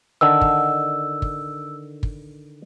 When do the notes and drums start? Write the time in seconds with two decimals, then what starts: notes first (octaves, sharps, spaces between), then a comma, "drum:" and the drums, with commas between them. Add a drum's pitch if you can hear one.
0.21 D3 D#3 E6
0.41 drum: kick
1.22 drum: kick
2.03 drum: kick